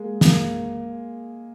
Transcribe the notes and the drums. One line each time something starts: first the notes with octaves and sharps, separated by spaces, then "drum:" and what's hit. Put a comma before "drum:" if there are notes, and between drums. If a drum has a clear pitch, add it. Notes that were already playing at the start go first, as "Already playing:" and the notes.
Already playing: G#3 A#3
A#3, drum: snare